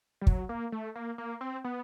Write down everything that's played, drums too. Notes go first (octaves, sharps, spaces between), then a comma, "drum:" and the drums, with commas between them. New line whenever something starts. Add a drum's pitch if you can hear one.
G3
F#3, drum: kick
A#3
A3
A#3
A#3
C4
B3